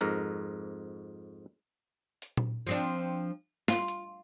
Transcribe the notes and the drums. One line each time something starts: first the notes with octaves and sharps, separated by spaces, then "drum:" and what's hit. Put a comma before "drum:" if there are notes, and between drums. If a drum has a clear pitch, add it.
F2 G#2 A#4
drum: hi-hat
drum: tom A#2
F3 C4 D4
F4, drum: snare
drum: hi-hat